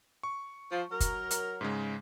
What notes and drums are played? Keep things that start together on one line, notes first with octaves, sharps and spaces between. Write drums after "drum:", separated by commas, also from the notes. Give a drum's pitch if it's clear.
C#6
F3
F#3 A#4
drum: kick, hi-hat
drum: hi-hat
G#2 C#3 G#3